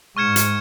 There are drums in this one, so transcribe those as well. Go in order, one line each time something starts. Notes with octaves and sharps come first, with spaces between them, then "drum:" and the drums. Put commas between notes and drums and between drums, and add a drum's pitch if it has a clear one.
G#2 C#6 F6 G#6 C#7 E7
drum: hi-hat